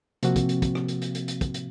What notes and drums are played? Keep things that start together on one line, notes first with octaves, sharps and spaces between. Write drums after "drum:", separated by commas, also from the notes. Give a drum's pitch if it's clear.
C3 F3 A#3 C4 F#4, drum: hi-hat
drum: kick, hi-hat
drum: hi-hat
drum: kick, hi-hat
drum: rim click
drum: hi-hat
drum: hi-hat
drum: hi-hat
drum: hi-hat
drum: kick, hi-hat
drum: hi-hat